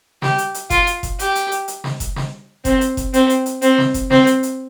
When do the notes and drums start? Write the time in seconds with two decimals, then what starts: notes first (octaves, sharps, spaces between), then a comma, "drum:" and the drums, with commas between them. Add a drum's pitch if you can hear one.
0.22 G4, drum: snare
0.38 drum: hi-hat
0.54 drum: hi-hat
0.70 F4, drum: kick F#1, hi-hat
0.87 drum: hi-hat
1.03 drum: kick F#1, hi-hat
1.19 G4, drum: hi-hat
1.35 drum: hi-hat
1.52 drum: hi-hat
1.68 drum: hi-hat
1.84 drum: snare
2.00 drum: kick F#1, hi-hat
2.16 drum: snare
2.65 C4, drum: kick F#1, hi-hat
2.81 drum: hi-hat
2.97 drum: kick F#1, hi-hat
3.14 C4, drum: hi-hat
3.30 drum: hi-hat
3.46 drum: hi-hat
3.62 C4, drum: hi-hat
3.78 drum: snare
3.94 drum: kick F#1, hi-hat
4.10 C4, drum: snare
4.27 drum: hi-hat
4.43 drum: hi-hat